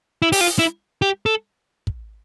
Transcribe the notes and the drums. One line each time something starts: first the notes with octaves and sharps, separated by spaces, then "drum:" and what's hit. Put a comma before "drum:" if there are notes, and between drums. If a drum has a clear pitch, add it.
E4
G4, drum: open hi-hat
F4
E4
G4
A4
drum: kick